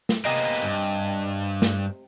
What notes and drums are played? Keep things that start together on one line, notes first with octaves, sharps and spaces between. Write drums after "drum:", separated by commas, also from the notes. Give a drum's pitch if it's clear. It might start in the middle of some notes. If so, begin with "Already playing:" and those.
drum: snare
C3 A#3 B3 D#5 G#5
G2
drum: snare